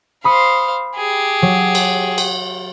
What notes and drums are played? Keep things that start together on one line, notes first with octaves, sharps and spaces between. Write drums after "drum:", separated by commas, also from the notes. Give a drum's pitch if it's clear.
C5 F5 B5 D#6 C#7
G4 G#4
F#3
drum: cymbal
drum: cymbal